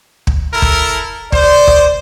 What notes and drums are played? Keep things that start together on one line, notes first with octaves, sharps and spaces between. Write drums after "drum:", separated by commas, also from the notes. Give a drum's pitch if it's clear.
drum: kick
E4 A4 A#4
drum: kick
C5 D5, drum: kick
drum: kick